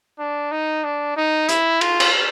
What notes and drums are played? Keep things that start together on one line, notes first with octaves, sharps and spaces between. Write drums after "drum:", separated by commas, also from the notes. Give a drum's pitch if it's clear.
D4
D#4
D4
D#4
E4, drum: hi-hat
F4, drum: cymbal
drum: cymbal